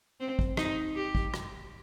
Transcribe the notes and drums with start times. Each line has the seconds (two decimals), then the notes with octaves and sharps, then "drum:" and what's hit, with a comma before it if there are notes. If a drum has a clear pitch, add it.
0.20 C4
0.39 drum: kick
0.57 D#4, drum: rim click
0.95 G4
1.15 drum: kick
1.34 drum: rim click